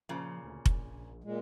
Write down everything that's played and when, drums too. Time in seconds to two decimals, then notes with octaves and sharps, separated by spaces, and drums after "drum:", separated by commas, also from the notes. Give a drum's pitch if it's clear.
0.09 A#2 C#3 F3
0.44 D2
0.66 A#1, drum: kick F1
1.24 A#2 G#3